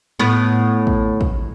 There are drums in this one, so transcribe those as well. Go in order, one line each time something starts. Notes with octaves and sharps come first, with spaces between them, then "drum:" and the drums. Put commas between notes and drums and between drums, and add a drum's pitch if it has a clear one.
A2 B3
drum: kick
drum: kick